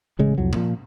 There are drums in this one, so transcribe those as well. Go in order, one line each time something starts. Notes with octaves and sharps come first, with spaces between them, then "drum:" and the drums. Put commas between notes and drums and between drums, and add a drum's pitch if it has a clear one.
A1 C#3 G#3
C2 F2 F#3
A#2 F3, drum: tom A#2